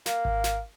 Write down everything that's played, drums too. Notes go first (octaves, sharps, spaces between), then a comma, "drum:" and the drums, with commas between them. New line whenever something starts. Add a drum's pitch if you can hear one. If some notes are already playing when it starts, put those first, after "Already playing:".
A#3, drum: snare
drum: kick G#1
drum: snare